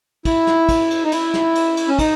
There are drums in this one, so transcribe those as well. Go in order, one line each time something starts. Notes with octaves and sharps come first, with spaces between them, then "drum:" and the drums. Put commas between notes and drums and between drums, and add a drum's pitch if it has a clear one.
E4, drum: kick, cymbal
drum: snare
drum: kick, cymbal
drum: cymbal
D#4
E4, drum: cymbal
drum: snare
drum: cymbal
drum: cymbal
C#4
D#4, drum: kick, cymbal